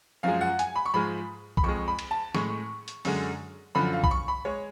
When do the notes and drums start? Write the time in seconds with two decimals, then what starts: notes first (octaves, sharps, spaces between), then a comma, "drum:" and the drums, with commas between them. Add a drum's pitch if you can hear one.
0.23 F#2 F3 G#3 F5
0.41 F#5
0.59 G#5, drum: hi-hat
0.76 B5
0.86 C#6
0.94 G#2 F3 G#3 B5
1.57 B5, drum: kick B1
1.63 F2 F3 G#3 C#6
1.88 B5
1.99 drum: cymbal
2.11 A5
2.35 A2 G#3 C#6, drum: snare
2.88 drum: hi-hat
3.05 F#2 D3 G#3, drum: open hi-hat
3.75 F#2 D3 F3 B5
3.93 F5
4.04 B5, drum: kick B1
4.11 C#6
4.28 B5
4.45 G#3 C#5